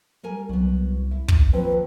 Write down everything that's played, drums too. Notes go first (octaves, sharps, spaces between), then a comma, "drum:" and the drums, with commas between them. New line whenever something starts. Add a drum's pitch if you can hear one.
G3 A#4 G#5
C2 F#3 B3
E4
drum: kick
D#2 F3 C4 B4